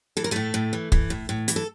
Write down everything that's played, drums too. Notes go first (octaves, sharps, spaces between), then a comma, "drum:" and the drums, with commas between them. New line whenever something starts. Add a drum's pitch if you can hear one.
E3 A4
A#4
A2 A3 A4
A2
E3
E3, drum: kick
A2
A2
E3, drum: hi-hat
A4